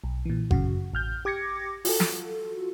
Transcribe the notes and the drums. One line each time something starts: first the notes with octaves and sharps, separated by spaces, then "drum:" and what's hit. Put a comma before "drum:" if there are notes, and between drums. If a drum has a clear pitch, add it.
B1
A#2 E3
F#2 C#3 F#4, drum: kick G1
A1 F6 G6
G4 D6 G#6 A#6 C#7
F4 F#4 A4, drum: open hi-hat
drum: snare